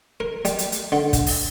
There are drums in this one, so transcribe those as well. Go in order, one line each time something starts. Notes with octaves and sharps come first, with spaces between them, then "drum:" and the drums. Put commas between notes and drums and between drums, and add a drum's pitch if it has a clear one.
A#4
G3, drum: hi-hat
drum: hi-hat
drum: hi-hat
D3
drum: kick, hi-hat
drum: open hi-hat